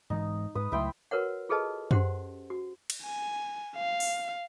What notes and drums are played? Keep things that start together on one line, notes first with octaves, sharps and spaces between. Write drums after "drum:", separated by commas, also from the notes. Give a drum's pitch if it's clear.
G#2 E3 D#4
G#2 B4 D#6
C#2 F#3 A3 E4 G5 C6
F#4 A#4 B4 C#5 F#5
F4 G#4 A4 B4 D#5 A5
C#4 G4 C5 F#5 C6, drum: tom F#2
F#4
drum: cymbal
G#5
F5
drum: open hi-hat